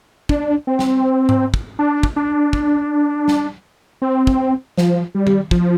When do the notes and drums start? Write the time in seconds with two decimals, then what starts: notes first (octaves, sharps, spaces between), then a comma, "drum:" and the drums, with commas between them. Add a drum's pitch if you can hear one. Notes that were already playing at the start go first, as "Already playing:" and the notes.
0.29 D4, drum: kick
0.67 C4
0.79 drum: snare
1.29 drum: tom G#2
1.54 drum: kick
1.79 D4
2.03 drum: kick
2.16 D4
2.53 drum: kick
3.28 drum: snare
4.02 C4
4.27 drum: kick
4.77 F3, drum: snare
5.15 G3
5.27 drum: tom D#3
5.51 F3, drum: kick